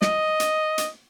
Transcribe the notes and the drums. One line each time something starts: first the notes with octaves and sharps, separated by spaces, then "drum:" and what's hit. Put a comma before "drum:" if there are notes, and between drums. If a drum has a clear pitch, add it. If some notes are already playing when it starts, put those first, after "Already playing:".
D#5, drum: snare
drum: hi-hat
drum: hi-hat